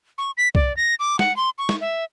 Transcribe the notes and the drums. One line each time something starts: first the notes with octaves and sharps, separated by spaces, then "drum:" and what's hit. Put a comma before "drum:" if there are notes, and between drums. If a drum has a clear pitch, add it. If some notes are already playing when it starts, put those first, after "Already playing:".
C#6
B6
D5, drum: kick
A#6
D6
F#5, drum: snare
C6
C#6
drum: snare
E5